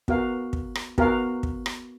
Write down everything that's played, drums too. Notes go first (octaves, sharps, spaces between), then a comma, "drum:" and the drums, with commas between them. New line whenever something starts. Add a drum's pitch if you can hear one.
B3 F#4 A#4 F5, drum: kick
drum: kick
drum: rim click
B3 F#4 A#4 F5, drum: kick
drum: kick
drum: rim click